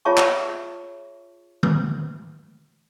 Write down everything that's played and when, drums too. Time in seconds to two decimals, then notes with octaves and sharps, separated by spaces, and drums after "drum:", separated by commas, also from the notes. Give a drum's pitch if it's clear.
0.05 F4 G#4 C#5 E5 A5 C#6
0.17 drum: clap
1.63 drum: tom